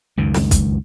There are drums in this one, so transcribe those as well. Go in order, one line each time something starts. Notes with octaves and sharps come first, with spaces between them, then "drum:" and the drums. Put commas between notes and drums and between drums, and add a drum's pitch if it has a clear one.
C#2 F#2 D#3
drum: snare
drum: kick, hi-hat